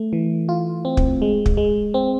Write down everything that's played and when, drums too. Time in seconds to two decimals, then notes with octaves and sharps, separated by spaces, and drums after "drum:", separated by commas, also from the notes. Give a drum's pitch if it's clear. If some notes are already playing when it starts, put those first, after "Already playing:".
Already playing: A3
0.13 E3
0.49 F4
0.85 C4
0.97 drum: kick
1.22 G#3
1.46 drum: kick
1.57 G#3
1.94 C4